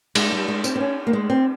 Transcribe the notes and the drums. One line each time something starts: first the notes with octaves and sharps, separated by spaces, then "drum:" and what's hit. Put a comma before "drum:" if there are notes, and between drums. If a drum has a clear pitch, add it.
G#3, drum: cymbal
G3
G#3
C4, drum: tambourine
C4
C#4
A#3
G#3
C4